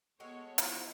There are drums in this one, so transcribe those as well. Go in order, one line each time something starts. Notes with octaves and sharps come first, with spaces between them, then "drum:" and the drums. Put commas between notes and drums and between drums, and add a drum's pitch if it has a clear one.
G#3 B3 F#4 A4 C#5
F3 E4, drum: hi-hat